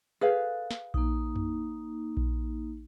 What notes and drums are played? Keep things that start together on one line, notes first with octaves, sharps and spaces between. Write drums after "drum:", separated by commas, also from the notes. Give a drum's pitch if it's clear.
G#4 A4 B4 F5
drum: snare
A#3 D#4, drum: kick A#1
drum: tom F2
drum: kick A#1